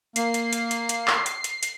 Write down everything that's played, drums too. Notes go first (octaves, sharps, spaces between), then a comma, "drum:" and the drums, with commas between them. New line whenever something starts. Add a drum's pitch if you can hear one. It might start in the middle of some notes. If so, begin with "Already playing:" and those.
A#3 C7, drum: hi-hat
drum: hi-hat
drum: hi-hat
drum: hi-hat
drum: hi-hat
drum: clap
drum: hi-hat
drum: hi-hat
drum: hi-hat